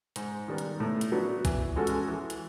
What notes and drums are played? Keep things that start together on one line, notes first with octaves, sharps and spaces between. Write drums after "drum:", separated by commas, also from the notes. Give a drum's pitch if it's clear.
G#2, drum: hi-hat
D#3 G3 B3
drum: hi-hat
A2
drum: hi-hat
F#3 B3 D4 F#4
E3, drum: kick B1, hi-hat
G#3 C#4 F#4 A4
drum: hi-hat
E3
drum: hi-hat